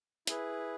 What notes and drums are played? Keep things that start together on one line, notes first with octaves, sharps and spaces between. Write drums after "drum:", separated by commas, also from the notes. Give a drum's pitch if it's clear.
E4 G#4 B4, drum: hi-hat